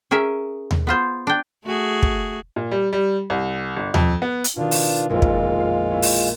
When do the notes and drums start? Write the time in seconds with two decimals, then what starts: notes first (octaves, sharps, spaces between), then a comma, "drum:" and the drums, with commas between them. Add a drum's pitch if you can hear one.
0.11 C#4 G#4 A#4 E5
0.71 drum: tom D#2
0.87 B3 F4 C5
1.27 D4 G5
1.64 A3 F#4 G#4
2.03 drum: kick
2.56 A#2
2.71 G3
2.93 G3
3.30 C2
3.76 G1
3.94 F2, drum: tom D#2
4.22 B3
4.44 drum: hi-hat
4.56 B2 D#3 D4 F4
4.71 drum: open hi-hat
5.09 E1 A#1 F2 G#3 F4
5.22 drum: kick
5.60 F5
5.91 C#4 E4
6.02 drum: open hi-hat